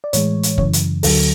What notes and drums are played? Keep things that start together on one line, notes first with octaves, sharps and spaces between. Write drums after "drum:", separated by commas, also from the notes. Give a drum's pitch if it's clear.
D5
A2 E3 G#3 C#5, drum: hi-hat
drum: hi-hat
F#2 C#3 E3 C#5, drum: kick
drum: hi-hat
D2 D3 F#3 A4, drum: open hi-hat